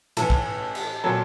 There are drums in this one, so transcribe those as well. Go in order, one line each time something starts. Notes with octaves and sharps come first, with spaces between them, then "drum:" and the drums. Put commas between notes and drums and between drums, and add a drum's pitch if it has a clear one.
A2 E3 A4, drum: cymbal
drum: kick
drum: cymbal
A#2 F#3 A4